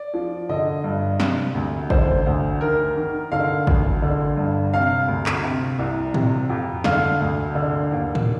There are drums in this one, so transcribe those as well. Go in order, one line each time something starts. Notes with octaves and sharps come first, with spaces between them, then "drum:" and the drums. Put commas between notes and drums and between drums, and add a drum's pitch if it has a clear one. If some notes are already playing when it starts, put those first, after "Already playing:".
Already playing: D5
F3
D3 D#5
G2
C3, drum: snare
D2
D3 C5, drum: kick
D2
D#3 A#4
D#3
D3 F5
D2, drum: kick
D3
G2
C3 F5
D2
drum: clap
C3
C2
C3, drum: tom A2
F2
D3 F5, drum: snare
D2
D3
D#2
drum: tom A2